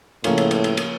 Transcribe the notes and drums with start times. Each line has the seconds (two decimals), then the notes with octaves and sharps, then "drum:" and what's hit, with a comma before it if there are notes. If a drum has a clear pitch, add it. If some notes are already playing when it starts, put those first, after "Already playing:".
0.24 A2 C#3 F3 A#3 C#4 F4, drum: cymbal
0.38 drum: cymbal
0.51 drum: cymbal
0.64 drum: cymbal
0.77 drum: cymbal